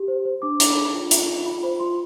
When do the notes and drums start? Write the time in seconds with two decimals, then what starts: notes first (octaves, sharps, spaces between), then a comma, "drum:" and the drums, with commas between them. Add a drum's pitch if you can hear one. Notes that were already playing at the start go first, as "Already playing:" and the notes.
Already playing: G4
0.08 C5
0.25 C5
0.42 D4 D6
0.60 D4 D6, drum: hi-hat
0.76 G#4 B5
0.94 F4
1.11 F4, drum: hi-hat
1.28 F4
1.46 F4 B5
1.63 C5 B5
1.80 F4 C6